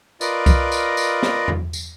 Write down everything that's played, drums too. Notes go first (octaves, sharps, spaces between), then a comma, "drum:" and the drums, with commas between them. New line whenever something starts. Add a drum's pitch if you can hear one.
F4 A#4 B4 D5 D#5, drum: tambourine
drum: kick C2, tambourine
drum: tambourine
drum: tambourine
drum: snare
drum: tom E2
drum: tambourine